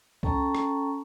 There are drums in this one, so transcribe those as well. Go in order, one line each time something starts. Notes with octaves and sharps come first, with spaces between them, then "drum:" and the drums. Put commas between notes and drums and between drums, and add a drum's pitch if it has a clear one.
C#4 A4 G5 A5 A#5 C#6, drum: kick C2
drum: rim click